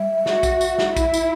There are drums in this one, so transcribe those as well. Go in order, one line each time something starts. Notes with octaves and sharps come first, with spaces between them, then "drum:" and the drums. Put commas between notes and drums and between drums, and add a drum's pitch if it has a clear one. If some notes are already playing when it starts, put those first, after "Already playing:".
Already playing: G3 E5
F#4, drum: snare
drum: kick, tambourine
drum: tambourine
drum: snare
E4, drum: kick, tambourine
drum: tambourine